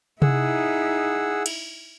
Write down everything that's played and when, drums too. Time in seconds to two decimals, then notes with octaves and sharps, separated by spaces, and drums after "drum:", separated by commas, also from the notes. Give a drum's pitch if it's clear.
0.22 D#4 E4 G#4 F#5 E6, drum: tom C3
1.46 drum: cymbal